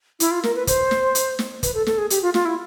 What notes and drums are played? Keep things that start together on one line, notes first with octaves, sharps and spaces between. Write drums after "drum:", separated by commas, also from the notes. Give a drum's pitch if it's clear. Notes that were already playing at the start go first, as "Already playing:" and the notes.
E4, drum: hi-hat
F4
A#4, drum: snare
B4
C5, drum: kick, hi-hat
drum: snare
drum: hi-hat
drum: snare
B4, drum: kick, hi-hat
A4
A4, drum: snare
G#4
G4, drum: hi-hat
F4
F4, drum: snare
E4